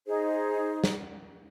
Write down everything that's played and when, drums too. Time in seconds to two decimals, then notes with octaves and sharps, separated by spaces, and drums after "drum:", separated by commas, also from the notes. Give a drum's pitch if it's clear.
0.06 D#4 G#4 C5
0.84 drum: snare